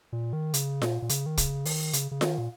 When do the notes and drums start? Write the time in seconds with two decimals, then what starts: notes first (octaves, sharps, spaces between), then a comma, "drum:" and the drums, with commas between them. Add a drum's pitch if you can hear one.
0.13 A#2
0.33 D#3
0.54 C#3, drum: hi-hat
0.82 A#2, drum: snare F4
1.02 A#2
1.09 C#3, drum: hi-hat
1.26 D#3
1.37 C#3, drum: kick, hi-hat
1.65 D#3, drum: open hi-hat
1.93 C#3, drum: hi-hat
2.11 C#3
2.21 D#3, drum: snare F4
2.38 A#2